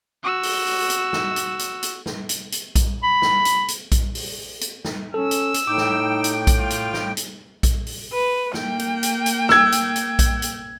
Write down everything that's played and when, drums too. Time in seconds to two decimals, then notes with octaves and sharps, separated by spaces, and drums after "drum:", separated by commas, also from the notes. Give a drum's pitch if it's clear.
0.23 F#4 E6
0.43 drum: open hi-hat
0.66 drum: open hi-hat
0.90 drum: hi-hat
1.13 drum: snare
1.36 drum: hi-hat
1.59 drum: hi-hat
1.83 drum: hi-hat
2.06 drum: snare
2.29 drum: hi-hat
2.52 drum: hi-hat
2.75 drum: kick A#1, hi-hat
3.03 B5
3.22 drum: snare
3.45 drum: hi-hat
3.68 drum: hi-hat
3.92 drum: kick A#1, hi-hat
4.15 drum: open hi-hat
4.61 drum: hi-hat
4.85 drum: snare
5.14 C#4 A4 E6
5.31 drum: hi-hat
5.54 drum: hi-hat
5.67 A2 D#4 G5 D6
5.77 drum: snare
6.24 drum: hi-hat
6.47 drum: kick A#1, hi-hat
6.59 F4
6.70 drum: hi-hat
6.94 drum: snare
7.17 drum: hi-hat
7.63 drum: kick A#1, hi-hat
7.87 drum: open hi-hat
8.14 B4
8.54 A#3 G5, drum: snare
8.79 drum: hi-hat
9.03 drum: hi-hat
9.26 drum: hi-hat
9.49 E6 G#6, drum: snare
9.72 drum: hi-hat
9.96 drum: hi-hat
10.19 drum: kick A#1, hi-hat
10.42 drum: hi-hat